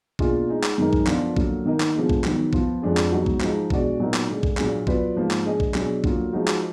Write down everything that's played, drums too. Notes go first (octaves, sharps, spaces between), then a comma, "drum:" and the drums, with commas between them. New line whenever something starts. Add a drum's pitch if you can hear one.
B2 A#3 D4 F4 G#4, drum: kick B1
G#3 D#4 G#4
drum: clap
F#2 D#3 G#3 D#4 A#4
drum: kick B1
D3 F3 B3 D4 F4, drum: clap
D3 F#3 A#3, drum: kick B1
D#3 A#3 D#4 A#4 D#5
drum: clap
D3 F3 G#3 B3
drum: kick B1
D#3 F#3 B3, drum: clap
F3 B3 F4, drum: kick B1
F2 F3 G#3 D4 G#4
drum: clap
G#2 F#3 B3 D#4 F#4
drum: kick B1
F3 G#3 D#4, drum: clap
B2 G#3 D4 F#4 D5, drum: kick B1
A#2 F#3 B3 D#4 A#4
drum: clap
D3 G#3 D4
drum: kick B1
A#2 F#3 A#3 D4 G#4, drum: clap
F#3 B3 F4 B4 D5, drum: kick B1
G#2 F3 A#3
drum: clap
G#3 D4 G#4 D#5
drum: kick B1
B2 F#3 D4 G#4, drum: clap
D3 F#3 A#3 F4, drum: kick B1
F3 G#3 D#4 F#4
drum: clap